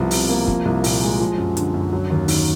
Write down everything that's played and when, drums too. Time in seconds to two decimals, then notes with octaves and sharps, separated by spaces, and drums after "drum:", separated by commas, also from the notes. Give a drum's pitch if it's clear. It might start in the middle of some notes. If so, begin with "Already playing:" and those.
Already playing: C2 B2 F3
0.11 C3, drum: open hi-hat
0.29 A#3
0.48 F3, drum: kick
0.65 C2
0.84 A#2, drum: open hi-hat
1.01 G#3
1.20 F3
1.38 F#2
1.57 D3, drum: hi-hat
1.74 F#2
1.93 F#3
2.10 D#2
2.28 D#3, drum: open hi-hat